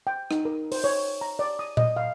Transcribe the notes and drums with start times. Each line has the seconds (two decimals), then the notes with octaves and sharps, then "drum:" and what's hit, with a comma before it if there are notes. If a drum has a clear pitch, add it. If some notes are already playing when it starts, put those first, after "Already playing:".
0.07 G5
0.31 D#4, drum: rim click
0.45 A#4
0.72 C5, drum: open hi-hat
0.84 C#5
1.21 A#5
1.39 D5
1.59 D#6
1.77 D#5, drum: tom A#2
1.97 F5